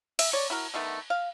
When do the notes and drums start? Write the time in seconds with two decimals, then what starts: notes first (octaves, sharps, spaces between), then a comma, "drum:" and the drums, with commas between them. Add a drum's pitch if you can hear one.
0.19 E5, drum: cymbal
0.33 C#5 D5
0.50 E4 F#4 A#4
0.74 D3 D#3 A3 B3
1.10 F5